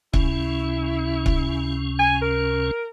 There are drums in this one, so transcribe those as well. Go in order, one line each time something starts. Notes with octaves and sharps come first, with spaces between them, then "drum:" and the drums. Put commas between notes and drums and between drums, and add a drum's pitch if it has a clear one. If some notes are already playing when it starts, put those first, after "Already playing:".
C#2 C3 C#4 E4, drum: kick C#1
drum: kick C#1
G#5
A#4